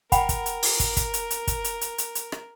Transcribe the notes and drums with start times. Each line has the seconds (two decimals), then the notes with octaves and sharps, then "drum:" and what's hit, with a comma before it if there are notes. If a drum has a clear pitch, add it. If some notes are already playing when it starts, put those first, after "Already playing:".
0.12 A#4 F#5 G5 B5, drum: kick, hi-hat
0.29 drum: kick, hi-hat
0.46 drum: hi-hat
0.63 drum: open hi-hat
0.80 drum: kick, hi-hat
0.97 drum: kick, hi-hat
1.14 drum: hi-hat
1.31 drum: hi-hat
1.47 drum: kick, hi-hat
1.64 drum: hi-hat
1.81 drum: hi-hat
1.98 drum: hi-hat
2.15 drum: hi-hat
2.32 drum: rim click